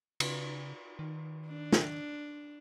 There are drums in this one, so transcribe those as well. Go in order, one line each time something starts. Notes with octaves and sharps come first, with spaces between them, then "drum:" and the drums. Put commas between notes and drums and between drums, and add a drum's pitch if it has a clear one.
C#3, drum: cymbal
D#3
D4
drum: snare